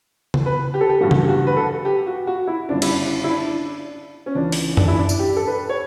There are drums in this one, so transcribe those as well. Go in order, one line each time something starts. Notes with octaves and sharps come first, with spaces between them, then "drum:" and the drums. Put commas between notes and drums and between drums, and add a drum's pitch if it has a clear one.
drum: tom C#3
B4
G4
A4
G4
A1 G2 F#3 F#4
drum: tom C#3
G4
F#4
B4
A4
G4
F#4
F#4
E4
G1 F#2 C#3 D4
E4, drum: cymbal
D4
E4
D4
C#4
C#2 C#3 E3 D4
drum: open hi-hat
D4, drum: tom F#2
E4
D4
drum: tambourine
G4
A4
B4
C#5